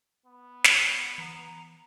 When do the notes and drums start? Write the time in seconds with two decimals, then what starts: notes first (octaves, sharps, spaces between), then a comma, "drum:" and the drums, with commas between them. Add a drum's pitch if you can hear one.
0.26 B3
0.64 drum: snare
1.18 E3 A#5